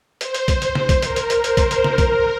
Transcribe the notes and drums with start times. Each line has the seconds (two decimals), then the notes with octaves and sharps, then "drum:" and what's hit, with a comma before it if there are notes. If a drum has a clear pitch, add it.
0.21 C5, drum: hi-hat
0.34 drum: hi-hat
0.48 drum: kick A#1, hi-hat
0.62 drum: hi-hat
0.75 drum: snare
0.89 drum: kick A#1, hi-hat
1.02 A#4, drum: hi-hat
1.16 drum: hi-hat
1.30 drum: hi-hat
1.44 C5, drum: hi-hat
1.57 drum: kick A#1, hi-hat
1.71 drum: hi-hat
1.84 A#4, drum: snare
1.98 drum: kick A#1, hi-hat